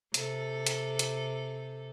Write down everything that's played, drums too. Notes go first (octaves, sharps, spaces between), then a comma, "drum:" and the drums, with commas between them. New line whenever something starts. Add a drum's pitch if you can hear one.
C3 A4, drum: hi-hat
drum: hi-hat
drum: hi-hat